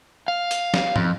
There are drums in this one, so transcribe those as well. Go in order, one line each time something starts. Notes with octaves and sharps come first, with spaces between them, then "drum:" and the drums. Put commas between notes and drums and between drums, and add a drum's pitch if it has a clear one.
F5
drum: hi-hat
drum: snare
F2, drum: tom